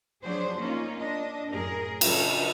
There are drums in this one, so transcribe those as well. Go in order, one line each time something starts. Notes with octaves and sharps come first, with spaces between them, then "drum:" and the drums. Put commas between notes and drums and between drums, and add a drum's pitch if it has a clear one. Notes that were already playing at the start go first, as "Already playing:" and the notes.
F3 F#3 D4 G#4 C5
A#3 C#4 D#4 F4
D4 D#5
F#2 A2 G#4 A#4
C#3 F#3 D4 A4, drum: cymbal